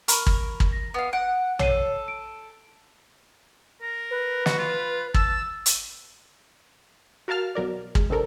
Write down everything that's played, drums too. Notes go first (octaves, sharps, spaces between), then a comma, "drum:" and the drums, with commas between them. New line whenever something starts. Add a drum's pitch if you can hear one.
A#4 B5 C#6, drum: hi-hat
drum: kick
drum: kick
A#6
B3 F5
F#5 D7
A4 C#5 C7 D#7, drum: tom A#1
D7
A#4
B4
F#4, drum: snare
F4
A5 E6, drum: kick
drum: hi-hat
F#4 A#4 F5 A5 F6
B1 B2 F#3 A#4 D5
G#3, drum: kick
C3 C4 D4 A4 A#4